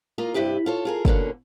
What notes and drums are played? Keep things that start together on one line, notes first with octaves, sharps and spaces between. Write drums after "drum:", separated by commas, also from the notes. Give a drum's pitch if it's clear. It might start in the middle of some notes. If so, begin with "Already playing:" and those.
A#3 F4 A#4 D#5
G2 C3 E4 G4 D#5
F4 A4 C#5
F4 G#4 A#4
B2 D3 A#3 C#4, drum: kick